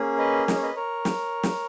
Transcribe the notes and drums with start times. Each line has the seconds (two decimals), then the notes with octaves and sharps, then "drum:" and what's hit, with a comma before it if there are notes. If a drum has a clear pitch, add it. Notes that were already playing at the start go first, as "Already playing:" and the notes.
Already playing: A#3 C#4 G#4
0.18 B4 D#5
0.48 D#5, drum: snare
0.55 C#5
0.63 B4 D#5
0.76 A#4 C#5
1.05 drum: snare
1.43 drum: snare